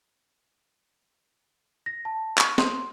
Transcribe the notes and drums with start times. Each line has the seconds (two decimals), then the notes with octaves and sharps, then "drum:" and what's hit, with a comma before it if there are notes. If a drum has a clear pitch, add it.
1.86 A#6
2.05 A5
2.38 C#6, drum: clap
2.58 C6, drum: snare